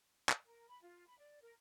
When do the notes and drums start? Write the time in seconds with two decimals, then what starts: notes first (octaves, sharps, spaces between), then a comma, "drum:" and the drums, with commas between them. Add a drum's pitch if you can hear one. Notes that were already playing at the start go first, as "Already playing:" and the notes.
0.29 drum: clap
0.45 A#4
0.69 B5
0.82 F4
1.07 B5
1.19 D5
1.41 A#4